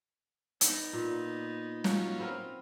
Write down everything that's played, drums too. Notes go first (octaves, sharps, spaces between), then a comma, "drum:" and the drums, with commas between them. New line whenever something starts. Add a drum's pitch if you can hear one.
B3 D#4, drum: hi-hat
A#2
F#3 C#4 F4, drum: snare
B3 C4 A#4